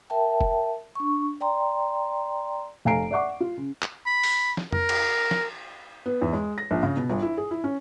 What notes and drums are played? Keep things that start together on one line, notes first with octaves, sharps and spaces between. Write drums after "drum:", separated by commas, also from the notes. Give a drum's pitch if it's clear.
A#4 E5 G5 A5
drum: kick F1
D4 C#6
D5 G5 A#5 C6
F1 F5 G#5 A#5 C7 D7
D5 E5 F#5 C#6 D6
F4
C#3
drum: clap
B5
drum: open hi-hat
drum: snare
A#4, drum: tom F2
drum: cymbal
drum: snare
B3
E2
G#3
A#6
A#1
C#3
B2
G1
E4
G#4
E4
C#4